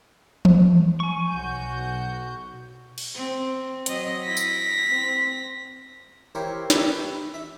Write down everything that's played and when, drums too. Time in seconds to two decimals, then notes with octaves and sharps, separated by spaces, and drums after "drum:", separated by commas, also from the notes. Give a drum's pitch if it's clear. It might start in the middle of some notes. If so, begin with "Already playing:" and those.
0.45 drum: tom E3
1.00 G#5 C#6
1.32 B1 F#4 G6
2.98 drum: cymbal
3.14 C4
3.86 F#3 C4 D#5, drum: hi-hat
4.24 E4 A#6 B6
4.37 drum: tambourine
4.88 C4
6.35 E4 G4 A#4 C5 C#5
6.70 G4 A4 B4 C#5 E5 G5, drum: snare
7.34 E5